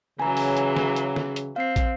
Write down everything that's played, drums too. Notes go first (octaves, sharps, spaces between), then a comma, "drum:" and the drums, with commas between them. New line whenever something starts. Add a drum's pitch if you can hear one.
C#3 E3 F#3 G#5 A#5
drum: open hi-hat
drum: hi-hat
drum: snare
drum: hi-hat
drum: snare
drum: hi-hat
C4 F5 C7
drum: kick, hi-hat